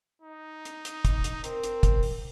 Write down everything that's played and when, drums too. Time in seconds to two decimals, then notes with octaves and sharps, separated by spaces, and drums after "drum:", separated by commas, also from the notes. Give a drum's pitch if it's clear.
0.22 D#4
0.65 drum: hi-hat
0.85 drum: hi-hat
1.05 drum: kick, hi-hat
1.24 drum: hi-hat
1.44 C4 A#4, drum: hi-hat
1.63 drum: hi-hat
1.83 drum: kick, hi-hat
2.03 drum: open hi-hat